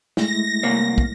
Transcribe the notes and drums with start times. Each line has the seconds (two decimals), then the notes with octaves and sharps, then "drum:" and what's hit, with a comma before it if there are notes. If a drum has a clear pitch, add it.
0.17 G#3 A3 E4 A#6, drum: snare
0.63 C2 A#3 C#5
0.98 drum: kick